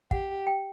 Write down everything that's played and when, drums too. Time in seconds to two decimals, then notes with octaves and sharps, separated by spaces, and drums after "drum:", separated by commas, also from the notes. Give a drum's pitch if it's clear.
0.11 G4 F#5, drum: kick
0.47 G5